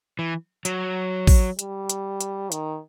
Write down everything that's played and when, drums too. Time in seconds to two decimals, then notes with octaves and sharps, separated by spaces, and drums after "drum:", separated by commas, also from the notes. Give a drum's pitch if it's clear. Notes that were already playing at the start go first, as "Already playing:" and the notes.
0.19 E3
0.65 F#3, drum: hi-hat
1.27 drum: kick, open hi-hat
1.59 G3, drum: hi-hat
1.90 drum: hi-hat
2.21 drum: hi-hat
2.52 D#3, drum: hi-hat